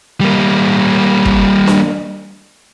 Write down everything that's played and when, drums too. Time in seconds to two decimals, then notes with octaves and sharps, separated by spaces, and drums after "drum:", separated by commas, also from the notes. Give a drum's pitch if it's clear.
0.21 G3 A#3
1.25 drum: kick
1.67 drum: snare